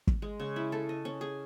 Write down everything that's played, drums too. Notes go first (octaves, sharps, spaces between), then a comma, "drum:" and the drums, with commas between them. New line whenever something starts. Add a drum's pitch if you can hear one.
drum: kick
G#3
C#3
E4
A4
D#5
C#4
G#4